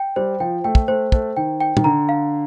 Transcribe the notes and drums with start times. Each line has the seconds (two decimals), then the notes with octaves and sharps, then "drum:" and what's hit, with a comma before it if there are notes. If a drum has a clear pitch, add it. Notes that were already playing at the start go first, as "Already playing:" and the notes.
Already playing: G5
0.16 G3 C5
0.40 F3 G5
0.64 A3 G5
0.75 drum: kick
0.88 A3 C5
1.12 A3 C5, drum: kick
1.37 D#3 G5
1.61 G5
1.77 D#3, drum: tom
1.84 D3 A#5
2.09 F5